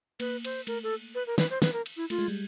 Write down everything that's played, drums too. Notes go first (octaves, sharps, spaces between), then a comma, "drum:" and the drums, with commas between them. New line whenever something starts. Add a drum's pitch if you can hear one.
A#3 B4, drum: cymbal
C5, drum: cymbal
A3 A#4, drum: cymbal
A4
B4
A#4
B4, drum: snare
C5
B4, drum: snare
A#4
drum: cymbal
E4
A3 F4, drum: cymbal
G#3
G3